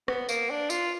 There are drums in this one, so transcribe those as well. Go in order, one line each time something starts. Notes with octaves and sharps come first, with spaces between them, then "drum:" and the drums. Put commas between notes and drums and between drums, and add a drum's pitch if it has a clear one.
B3, drum: rim click
A#3, drum: tambourine
D4
F4, drum: tambourine